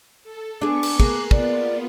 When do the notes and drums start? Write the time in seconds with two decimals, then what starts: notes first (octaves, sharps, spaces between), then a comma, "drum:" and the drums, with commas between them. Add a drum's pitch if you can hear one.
0.23 A4
0.61 B3 D4 G#4 C#6 D6
0.83 drum: cymbal
1.00 A#3 G#4 F#6 C7, drum: kick
1.31 B3 F4 D5, drum: kick